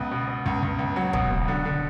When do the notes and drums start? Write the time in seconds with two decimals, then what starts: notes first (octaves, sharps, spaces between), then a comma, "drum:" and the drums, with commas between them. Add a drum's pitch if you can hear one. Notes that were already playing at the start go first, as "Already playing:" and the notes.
Already playing: C#2 B3
0.11 B2
0.28 B2
0.46 C#2
0.63 C#2
0.79 C#2
0.96 F#3
1.13 B2, drum: kick
1.31 B2
1.48 D3
1.65 D3